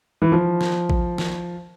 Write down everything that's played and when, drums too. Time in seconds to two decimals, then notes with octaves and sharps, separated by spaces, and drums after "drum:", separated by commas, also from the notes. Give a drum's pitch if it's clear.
0.22 E3
0.32 F3
0.61 drum: snare
0.90 drum: kick A1
1.18 drum: snare